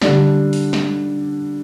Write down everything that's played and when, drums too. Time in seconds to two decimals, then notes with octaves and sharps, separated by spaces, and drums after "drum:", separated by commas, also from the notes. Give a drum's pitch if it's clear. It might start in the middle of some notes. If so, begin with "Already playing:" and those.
0.02 D3 G3 D4, drum: snare
0.53 drum: open hi-hat
0.73 drum: snare